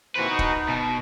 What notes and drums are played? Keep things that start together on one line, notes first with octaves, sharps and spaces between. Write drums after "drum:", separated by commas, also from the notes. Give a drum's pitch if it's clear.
D#2 E3 C4 F#4 B4
D#4
drum: kick
B2